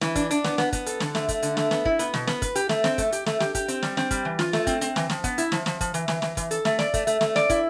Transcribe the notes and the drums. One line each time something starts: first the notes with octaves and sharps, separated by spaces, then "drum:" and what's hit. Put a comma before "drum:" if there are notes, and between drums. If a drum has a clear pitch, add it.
E3, drum: snare
D4, drum: kick, hi-hat
D4, drum: hi-hat
B3, drum: snare
B3, drum: snare
B3, drum: kick, hi-hat
A4, drum: hi-hat
D3, drum: snare
A3, drum: snare
A3, drum: kick, hi-hat
D3, drum: hi-hat
A3, drum: snare
B3, drum: snare
E4, drum: kick
B3, drum: hi-hat
B2, drum: snare
B3, drum: snare
B4, drum: kick, hi-hat
G4, drum: hi-hat
A3, drum: snare
C4, drum: snare
A3, drum: kick, hi-hat
G4, drum: hi-hat
A3, drum: snare
G4, drum: snare
G4, drum: kick, hi-hat
C4, drum: hi-hat
G3, drum: snare
C4, drum: snare
G3, drum: kick, hi-hat
E3
F4, drum: snare
A3, drum: snare
C4, drum: kick, hi-hat
C4, drum: hi-hat
E3, drum: snare
F3, drum: snare
B3, drum: kick, hi-hat
E4, drum: hi-hat
F3, drum: snare
F3, drum: snare
F3, drum: kick, hi-hat
E3, drum: hi-hat
E3, drum: snare
E3, drum: snare
E3, drum: kick, hi-hat
A4, drum: hi-hat
A3, drum: snare
D5, drum: snare
A3, drum: kick, hi-hat
A3, drum: hi-hat
A3, drum: snare
D5, drum: snare
E4, drum: kick, hi-hat